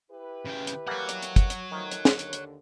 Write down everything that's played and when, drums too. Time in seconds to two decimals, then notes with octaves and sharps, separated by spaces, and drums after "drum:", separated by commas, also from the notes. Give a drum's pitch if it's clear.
0.10 E4 G4 B4
0.45 C#3 G5
0.67 drum: hi-hat
0.87 E3 G3 A#3 C#5 F#5
1.09 drum: hi-hat
1.23 drum: hi-hat
1.36 drum: kick, hi-hat
1.50 drum: hi-hat
1.72 D#3 F3 F#3 A3
1.91 drum: hi-hat
2.05 D#2 D3, drum: snare
2.19 drum: hi-hat
2.33 drum: hi-hat